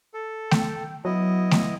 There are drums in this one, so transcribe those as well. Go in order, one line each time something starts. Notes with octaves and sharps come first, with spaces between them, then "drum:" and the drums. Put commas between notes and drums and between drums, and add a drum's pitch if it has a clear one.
A4
G5, drum: snare A3
F#3 B3 E4 D#5
drum: snare A3